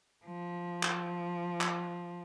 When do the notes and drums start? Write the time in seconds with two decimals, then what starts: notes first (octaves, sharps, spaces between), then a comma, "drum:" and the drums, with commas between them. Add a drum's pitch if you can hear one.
0.25 F3
0.83 drum: clap
1.61 drum: clap